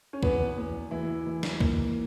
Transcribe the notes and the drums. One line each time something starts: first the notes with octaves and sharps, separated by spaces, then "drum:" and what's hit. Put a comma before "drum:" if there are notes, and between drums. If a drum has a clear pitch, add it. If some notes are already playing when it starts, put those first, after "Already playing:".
C#4
E2 B3, drum: kick
E2
E3 E4
E3
drum: snare
A#3, drum: kick